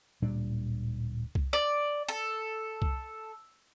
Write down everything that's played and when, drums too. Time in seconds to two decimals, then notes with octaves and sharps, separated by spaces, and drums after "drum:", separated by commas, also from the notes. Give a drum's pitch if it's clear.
0.22 D1 A#2 G3 D4
1.35 drum: kick C2
1.53 D5
2.08 A4
2.82 drum: kick C2